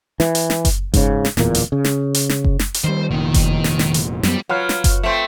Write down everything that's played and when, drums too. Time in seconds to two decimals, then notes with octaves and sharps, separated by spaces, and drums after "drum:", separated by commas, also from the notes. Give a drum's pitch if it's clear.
0.20 E3, drum: snare
0.35 drum: hi-hat
0.50 drum: snare
0.65 drum: kick F#1, hi-hat
0.94 G#2 C#3, drum: kick F#1, hi-hat
1.25 drum: snare
1.37 D1 E2 A#2 A#3, drum: snare
1.55 drum: hi-hat
1.72 C#3
1.85 drum: snare
2.14 drum: hi-hat
2.29 drum: snare
2.44 drum: kick F#1
2.59 drum: snare
2.74 drum: hi-hat
2.84 D#3 G3 C5
3.11 F1 A#2 D#3
3.34 drum: kick F#1, hi-hat
3.64 drum: snare
3.79 drum: snare
3.94 drum: hi-hat
4.23 F#2 F#3 G3 B3, drum: snare
4.49 F#3 F4 B4 F5
4.69 drum: snare
4.84 drum: kick F#1, hi-hat
5.03 A3 C4